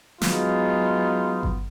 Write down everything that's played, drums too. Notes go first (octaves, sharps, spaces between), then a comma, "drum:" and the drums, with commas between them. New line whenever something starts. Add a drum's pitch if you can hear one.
F#3 G#3 B3 D#4 F4, drum: snare
drum: kick G1